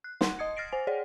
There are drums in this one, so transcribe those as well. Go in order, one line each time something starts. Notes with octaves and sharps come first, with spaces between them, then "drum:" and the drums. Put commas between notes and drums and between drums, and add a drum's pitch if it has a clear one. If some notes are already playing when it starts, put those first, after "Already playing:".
F#6
F#5 C6, drum: snare
D#5 D#6 G#6 C#7
F6 A6 A#6 C7 D7
C5 G#5
G#4 C#5 D5 F#5